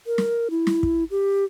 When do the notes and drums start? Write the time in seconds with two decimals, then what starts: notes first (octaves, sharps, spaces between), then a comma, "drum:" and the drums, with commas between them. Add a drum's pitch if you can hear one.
0.07 A#4
0.18 drum: snare
0.50 E4
0.67 drum: snare
0.83 drum: kick
1.11 G4